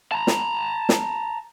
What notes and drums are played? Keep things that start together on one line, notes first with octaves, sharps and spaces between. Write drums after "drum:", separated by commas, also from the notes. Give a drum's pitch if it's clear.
A5 A#5
drum: snare
drum: snare